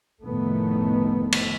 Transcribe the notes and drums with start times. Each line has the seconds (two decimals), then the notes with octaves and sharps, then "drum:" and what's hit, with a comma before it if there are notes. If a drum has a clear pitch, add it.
0.23 F1 A2 D#3 A3 B3
1.32 drum: cymbal